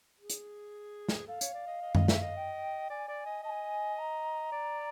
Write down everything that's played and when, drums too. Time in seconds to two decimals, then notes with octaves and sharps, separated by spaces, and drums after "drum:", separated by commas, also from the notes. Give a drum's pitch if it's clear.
0.20 G#4
0.30 drum: hi-hat
1.08 drum: snare
1.27 A4 F5
1.41 C#5, drum: hi-hat
1.54 D5
1.67 D#5
1.82 D#5
1.95 D#5, drum: tom F#2
2.08 E5, drum: snare
2.22 D#5
2.36 G5
2.90 D5 G#5
3.08 D5
3.26 D#5
3.43 D#5 A5
3.49 G#5
3.98 A#5
4.52 D5